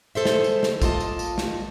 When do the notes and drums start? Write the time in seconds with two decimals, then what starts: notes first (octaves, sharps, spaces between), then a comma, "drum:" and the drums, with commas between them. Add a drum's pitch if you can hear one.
0.15 G#4 A4 C5 E5
0.25 drum: snare
0.44 drum: tambourine
0.63 drum: snare
0.82 A#3 F4 D#5 A5, drum: kick A#1, tambourine
1.00 drum: tambourine
1.19 drum: tambourine
1.38 drum: snare